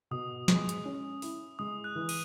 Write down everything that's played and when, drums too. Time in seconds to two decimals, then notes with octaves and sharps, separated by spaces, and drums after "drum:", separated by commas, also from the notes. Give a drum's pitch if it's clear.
0.11 B2 D#6
0.48 G#3, drum: snare
0.69 drum: hi-hat
0.85 C#4
1.22 E4, drum: open hi-hat
1.59 G#3 D#6
1.84 F#6
1.95 E3
2.09 D#7, drum: cymbal